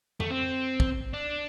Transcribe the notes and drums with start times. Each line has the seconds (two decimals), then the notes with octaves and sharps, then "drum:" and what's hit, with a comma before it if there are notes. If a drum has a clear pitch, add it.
0.20 A3, drum: tom F2
0.30 C4
0.80 drum: kick
1.14 D4